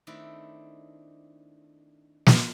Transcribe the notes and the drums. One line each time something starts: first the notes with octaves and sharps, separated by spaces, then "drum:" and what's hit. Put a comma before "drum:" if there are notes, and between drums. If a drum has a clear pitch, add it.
D#3 A3 C4 D4 E4
drum: snare